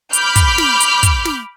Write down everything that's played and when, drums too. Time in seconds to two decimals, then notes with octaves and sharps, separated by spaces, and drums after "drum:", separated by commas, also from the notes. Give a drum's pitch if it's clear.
0.13 B5 D6 F6 G6, drum: hi-hat
0.36 drum: kick, hi-hat
0.58 drum: snare
0.81 drum: hi-hat
1.03 drum: kick, hi-hat
1.25 drum: snare